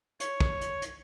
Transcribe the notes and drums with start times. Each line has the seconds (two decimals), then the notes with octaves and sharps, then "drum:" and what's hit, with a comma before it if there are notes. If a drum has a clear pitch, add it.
0.20 C#5, drum: hi-hat
0.40 drum: kick
0.61 drum: hi-hat
0.82 drum: hi-hat